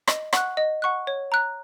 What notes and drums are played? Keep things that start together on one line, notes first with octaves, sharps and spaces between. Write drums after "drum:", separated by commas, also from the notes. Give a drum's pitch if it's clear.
D#5, drum: rim click
F#5 C#6 F#6, drum: rim click
D#5
F#5 C#6 F#6
C#5
A#5 F#6